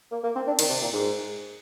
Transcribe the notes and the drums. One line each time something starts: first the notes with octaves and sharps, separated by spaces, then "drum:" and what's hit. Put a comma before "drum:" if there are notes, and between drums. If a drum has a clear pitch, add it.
A#3
A#3
C4
D4
D#3, drum: cymbal
C3
A#2
G#2